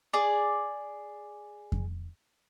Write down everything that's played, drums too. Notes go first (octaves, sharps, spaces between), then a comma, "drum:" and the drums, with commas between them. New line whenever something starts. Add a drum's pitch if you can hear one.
G#4 D5
drum: kick F2